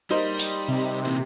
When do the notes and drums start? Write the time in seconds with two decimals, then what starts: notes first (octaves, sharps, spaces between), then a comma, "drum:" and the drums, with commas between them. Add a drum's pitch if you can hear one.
0.10 G3 A#3 D#4 C5
0.39 drum: open hi-hat
0.68 C3
1.06 A#2 E3